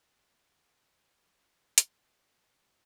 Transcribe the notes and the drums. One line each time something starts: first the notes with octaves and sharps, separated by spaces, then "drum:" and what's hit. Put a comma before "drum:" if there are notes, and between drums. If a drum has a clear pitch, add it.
C5, drum: hi-hat